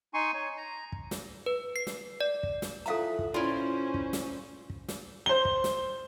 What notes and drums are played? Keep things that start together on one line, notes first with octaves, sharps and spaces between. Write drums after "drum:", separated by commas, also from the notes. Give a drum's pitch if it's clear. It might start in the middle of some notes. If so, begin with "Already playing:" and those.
D#4 G#5 C6 C#6
C#5
A#5
drum: kick
drum: snare
B4
C7
drum: snare
D5
drum: kick
drum: snare
E3 F3 A4 F5 F#5 A#5
drum: kick
A#2 C#4 E4 F4 C5
drum: kick
drum: snare
drum: kick
drum: snare
C5 G7
drum: kick
drum: snare